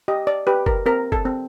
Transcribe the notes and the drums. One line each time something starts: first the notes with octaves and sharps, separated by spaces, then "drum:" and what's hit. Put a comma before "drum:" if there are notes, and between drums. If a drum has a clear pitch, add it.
G4 D#5
D5
G4 B4
A#4, drum: kick F#1
C4 A#4
A4, drum: kick F#1
C4